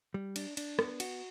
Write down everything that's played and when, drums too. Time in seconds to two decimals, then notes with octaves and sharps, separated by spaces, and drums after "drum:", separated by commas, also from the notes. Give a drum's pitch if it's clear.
0.14 G3
0.36 D4, drum: cymbal
0.57 D4, drum: cymbal
0.79 B3, drum: rim click
1.00 F#4, drum: cymbal